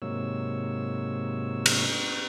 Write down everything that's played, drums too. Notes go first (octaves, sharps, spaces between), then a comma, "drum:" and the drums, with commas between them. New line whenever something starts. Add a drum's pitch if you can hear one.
G#2 C3 F#3 A#3 C#5 E6
drum: cymbal